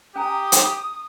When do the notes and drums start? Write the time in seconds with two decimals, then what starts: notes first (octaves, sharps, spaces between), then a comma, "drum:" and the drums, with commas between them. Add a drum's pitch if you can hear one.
0.16 C#4 G4 G#5 A#5 D#6
0.52 drum: hi-hat